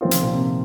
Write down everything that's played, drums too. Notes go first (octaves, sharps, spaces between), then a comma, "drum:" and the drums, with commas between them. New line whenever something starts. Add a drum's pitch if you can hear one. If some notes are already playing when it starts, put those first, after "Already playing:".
D#3 F3 C4 F4
C3, drum: hi-hat
A#2
C3